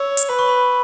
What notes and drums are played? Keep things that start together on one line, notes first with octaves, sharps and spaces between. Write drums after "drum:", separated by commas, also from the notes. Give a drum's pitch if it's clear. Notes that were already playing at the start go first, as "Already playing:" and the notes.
Already playing: C#5 E6
drum: hi-hat
B4 B5
C#6
B5